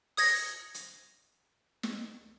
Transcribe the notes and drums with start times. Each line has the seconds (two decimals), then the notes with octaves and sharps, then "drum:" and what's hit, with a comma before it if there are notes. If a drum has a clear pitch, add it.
0.17 D#6 G#6 A#6, drum: open hi-hat
0.74 drum: hi-hat
1.83 drum: snare